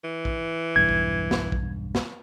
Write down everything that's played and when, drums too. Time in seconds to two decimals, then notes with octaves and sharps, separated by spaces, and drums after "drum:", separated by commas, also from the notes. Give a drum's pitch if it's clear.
0.04 E3
0.25 drum: kick A#1
0.76 B1 E2 G2 G#6
0.89 drum: kick A#1
1.31 drum: snare
1.52 drum: kick A#1
1.95 drum: snare